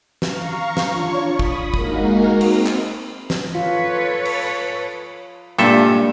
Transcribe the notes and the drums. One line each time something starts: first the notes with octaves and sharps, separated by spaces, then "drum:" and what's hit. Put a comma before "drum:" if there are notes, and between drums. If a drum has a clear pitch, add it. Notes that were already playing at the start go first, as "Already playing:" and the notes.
F5 A#5 C#6, drum: snare
drum: snare
D4 F4 C#5 C#6
B5 D#6
drum: kick
G#3 A#3 D#4 F#4 A#4, drum: kick
C4, drum: cymbal
drum: clap
drum: snare
F4 A4 B4 C#5
drum: cymbal
G2 A#2 G3 G#3 A#3 D4 A4 E5, drum: hi-hat